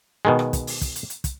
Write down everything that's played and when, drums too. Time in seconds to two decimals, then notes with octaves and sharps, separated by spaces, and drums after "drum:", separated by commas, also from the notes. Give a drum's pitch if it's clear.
0.25 B2 D#3 G#3
0.39 drum: rim click
0.53 drum: kick, hi-hat
0.67 drum: open hi-hat
0.81 drum: kick, hi-hat
0.96 drum: hi-hat
1.10 drum: hi-hat
1.24 drum: kick, hi-hat